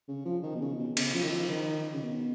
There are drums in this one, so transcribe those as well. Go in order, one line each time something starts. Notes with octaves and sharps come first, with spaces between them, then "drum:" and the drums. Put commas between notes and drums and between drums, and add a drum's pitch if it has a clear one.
C#3
F3
D#3
B2
C#3
B2
C#3, drum: cymbal
F3
D#3
F3
D#3
C#3
B2